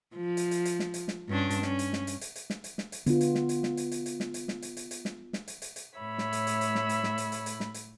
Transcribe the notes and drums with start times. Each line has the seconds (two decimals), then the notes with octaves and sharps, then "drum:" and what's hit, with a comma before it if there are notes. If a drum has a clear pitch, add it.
0.16 F3
0.37 drum: hi-hat
0.51 drum: hi-hat
0.65 drum: hi-hat
0.80 drum: snare
0.94 drum: hi-hat
1.08 drum: snare
1.29 G2 C#4 D4
1.50 drum: hi-hat
1.62 C#4, drum: snare
1.79 drum: hi-hat
1.93 drum: snare
2.07 drum: hi-hat
2.21 drum: hi-hat
2.36 drum: hi-hat
2.50 drum: snare
2.64 drum: hi-hat
2.78 drum: snare
2.92 drum: hi-hat
3.06 D3 B3 F4, drum: hi-hat
3.21 drum: hi-hat
3.35 drum: snare
3.49 drum: hi-hat
3.63 drum: snare
3.77 drum: hi-hat
3.92 drum: hi-hat
4.06 drum: hi-hat
4.20 drum: snare
4.34 drum: hi-hat
4.48 drum: snare
4.62 drum: hi-hat
4.77 drum: hi-hat
4.91 drum: hi-hat
5.05 drum: snare
5.33 drum: snare
5.48 drum: hi-hat
5.62 drum: hi-hat
5.76 drum: hi-hat
5.98 A2 C#5 E5 B5
6.18 drum: snare
6.33 drum: hi-hat
6.47 drum: hi-hat
6.61 drum: hi-hat
6.75 drum: snare
6.89 drum: hi-hat
7.03 drum: snare
7.18 drum: hi-hat
7.32 drum: hi-hat
7.46 drum: hi-hat
7.60 drum: snare
7.74 drum: hi-hat